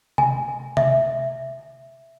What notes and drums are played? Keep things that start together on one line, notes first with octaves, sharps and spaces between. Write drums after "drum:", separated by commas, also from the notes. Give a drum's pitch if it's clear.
G#5, drum: tom C3
E5, drum: tom C3